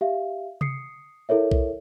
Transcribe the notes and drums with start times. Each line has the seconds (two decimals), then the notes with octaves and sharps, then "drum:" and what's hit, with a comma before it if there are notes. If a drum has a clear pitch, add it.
0.01 G4 E5 F5
0.61 D#6 C7 C#7, drum: tom C3
1.29 E4 A4 A#4 C#5 E5
1.51 drum: kick B1